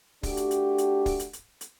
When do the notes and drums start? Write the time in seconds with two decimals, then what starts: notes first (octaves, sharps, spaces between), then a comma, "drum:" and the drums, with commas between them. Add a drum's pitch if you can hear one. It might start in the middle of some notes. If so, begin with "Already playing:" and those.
0.23 A3 D4 F#4 G4, drum: kick, open hi-hat
0.37 drum: hi-hat
0.51 drum: hi-hat
0.78 drum: hi-hat
1.06 drum: kick, open hi-hat
1.20 drum: hi-hat
1.33 drum: hi-hat
1.61 drum: hi-hat